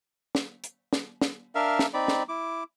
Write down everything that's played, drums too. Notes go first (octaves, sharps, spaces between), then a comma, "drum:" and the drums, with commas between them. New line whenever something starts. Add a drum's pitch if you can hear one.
drum: snare
drum: hi-hat
drum: snare
drum: snare
D4 A#4 E5 F5
drum: snare
C4 D#4 D5 B5
drum: snare
E4 D6